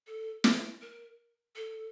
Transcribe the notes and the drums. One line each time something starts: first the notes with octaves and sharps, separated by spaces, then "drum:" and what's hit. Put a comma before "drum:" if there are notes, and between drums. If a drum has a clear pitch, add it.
A4
drum: snare
A#4
A4